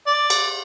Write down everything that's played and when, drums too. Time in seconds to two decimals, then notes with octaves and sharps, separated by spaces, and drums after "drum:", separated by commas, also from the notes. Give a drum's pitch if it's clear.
0.07 D5
0.30 drum: cymbal